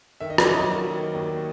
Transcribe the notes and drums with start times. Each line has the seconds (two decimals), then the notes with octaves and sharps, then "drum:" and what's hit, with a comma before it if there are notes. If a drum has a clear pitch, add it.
0.20 D#3 E5
0.30 D#5
0.38 D5, drum: rim click
0.44 F#3 D#5
0.68 A#3
0.91 D#3
1.15 D#2